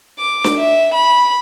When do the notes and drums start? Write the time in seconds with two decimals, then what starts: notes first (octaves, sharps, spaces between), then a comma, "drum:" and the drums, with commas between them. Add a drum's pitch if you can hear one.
0.19 D6
0.44 drum: snare D4
0.57 E5
0.94 B5